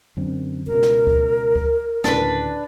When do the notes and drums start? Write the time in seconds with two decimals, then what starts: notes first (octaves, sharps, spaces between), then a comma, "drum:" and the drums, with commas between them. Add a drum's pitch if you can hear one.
0.17 F#2 D3 C4
0.67 C#2 B2 A#4
0.83 drum: snare
1.07 drum: kick C#2
1.56 drum: kick C#2
2.04 D2 A2 C#3 D4 B4, drum: snare